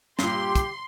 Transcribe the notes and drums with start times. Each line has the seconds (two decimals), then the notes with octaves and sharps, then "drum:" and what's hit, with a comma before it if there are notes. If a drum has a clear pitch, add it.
0.19 G2 A#2 G4 C6, drum: snare
0.55 drum: kick, hi-hat